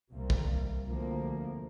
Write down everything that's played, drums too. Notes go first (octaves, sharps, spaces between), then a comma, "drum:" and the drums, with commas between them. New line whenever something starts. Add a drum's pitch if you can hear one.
C2 C3 G3 A#3
drum: kick
D2 C3 F3 A#3